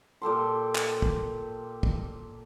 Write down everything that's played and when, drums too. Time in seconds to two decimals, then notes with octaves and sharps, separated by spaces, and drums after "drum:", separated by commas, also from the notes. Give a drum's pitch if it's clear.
0.22 A#2 G4 A4 C6
0.75 drum: clap
1.02 drum: kick
1.83 drum: kick